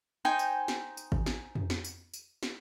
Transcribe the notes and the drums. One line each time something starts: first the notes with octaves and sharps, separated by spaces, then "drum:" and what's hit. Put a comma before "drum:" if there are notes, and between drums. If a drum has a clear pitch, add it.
D#4 C5 G5 G#5
drum: tambourine
drum: snare
drum: tambourine
drum: kick G#1
drum: snare
drum: tom F2
drum: snare
drum: tambourine
drum: tambourine
drum: snare